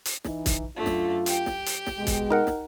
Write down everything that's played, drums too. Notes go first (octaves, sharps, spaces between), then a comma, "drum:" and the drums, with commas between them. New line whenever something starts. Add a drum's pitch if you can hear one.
drum: hi-hat
E3 D#4, drum: snare
drum: kick, hi-hat
F#2 D3 A3 F4
drum: snare
G4 G5, drum: hi-hat
drum: snare
drum: hi-hat
drum: snare
B2 G#3
drum: kick, hi-hat
D#4 A#4 F#5
drum: snare